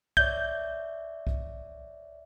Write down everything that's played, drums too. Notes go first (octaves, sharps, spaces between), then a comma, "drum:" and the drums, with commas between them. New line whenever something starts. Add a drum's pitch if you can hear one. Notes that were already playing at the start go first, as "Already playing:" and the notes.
C#5 D5 E5 G6, drum: kick C2
drum: kick C2